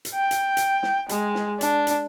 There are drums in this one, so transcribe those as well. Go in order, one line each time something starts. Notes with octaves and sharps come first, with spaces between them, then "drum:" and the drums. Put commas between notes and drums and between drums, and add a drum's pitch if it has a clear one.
drum: hi-hat
G5
drum: hi-hat
drum: hi-hat
drum: snare
G#3, drum: hi-hat
drum: snare
D4, drum: hi-hat
drum: hi-hat